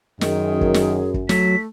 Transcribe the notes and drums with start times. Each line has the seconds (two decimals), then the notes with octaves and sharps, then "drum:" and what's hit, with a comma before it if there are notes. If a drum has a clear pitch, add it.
0.21 F#2 D#3 G#4, drum: snare
0.61 drum: kick
0.74 drum: snare
1.14 drum: kick
1.29 F#3 A3 B6, drum: snare